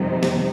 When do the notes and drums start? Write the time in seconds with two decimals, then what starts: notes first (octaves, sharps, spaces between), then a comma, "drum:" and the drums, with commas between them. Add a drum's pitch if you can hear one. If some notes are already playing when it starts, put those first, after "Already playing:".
Already playing: F2 C3 D#3 G3
0.23 drum: snare